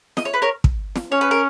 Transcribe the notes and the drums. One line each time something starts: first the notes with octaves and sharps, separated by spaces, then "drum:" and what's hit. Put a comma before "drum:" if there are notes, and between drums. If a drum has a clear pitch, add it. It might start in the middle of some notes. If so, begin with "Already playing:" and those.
D#5, drum: snare
C#5
B4
A#4 C#5
drum: kick
drum: snare
C#4 C#5
B4
A#4